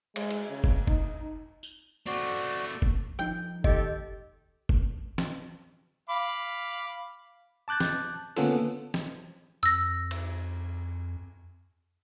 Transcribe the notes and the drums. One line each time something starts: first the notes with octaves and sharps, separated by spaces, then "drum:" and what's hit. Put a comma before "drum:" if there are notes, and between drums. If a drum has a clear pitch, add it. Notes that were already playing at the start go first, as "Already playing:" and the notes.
G#3, drum: cymbal
drum: hi-hat
C#3
drum: kick F#1
D#4, drum: kick F#1
drum: tambourine
A3 C4 F#4 D5
drum: kick F#1
F3 D#4 G5
D#3 G4 A4 D#5, drum: kick F#1
drum: kick F#1
drum: snare
F5 B5 D6
A5 D6 F#6 G6 A6
drum: snare
D3 A#3 B3 C#4 F4 A4, drum: open hi-hat
drum: snare
F2 E6 A#6
drum: cymbal